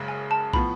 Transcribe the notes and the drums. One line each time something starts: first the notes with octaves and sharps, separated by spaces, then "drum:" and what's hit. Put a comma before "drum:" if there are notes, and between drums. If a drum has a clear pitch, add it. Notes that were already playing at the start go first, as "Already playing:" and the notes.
Already playing: F#1 F#2 C#3 G#3
G#5
A5
A2 F3 B3 B5, drum: kick